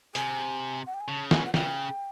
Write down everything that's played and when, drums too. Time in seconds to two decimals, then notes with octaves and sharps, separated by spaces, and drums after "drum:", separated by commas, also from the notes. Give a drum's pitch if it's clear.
0.15 C3 G#5, drum: hi-hat
0.87 F#5
0.94 G5
1.00 G#5
1.08 C#3 A5
1.31 G#5, drum: snare
1.46 F#5
1.54 C#3 G5, drum: snare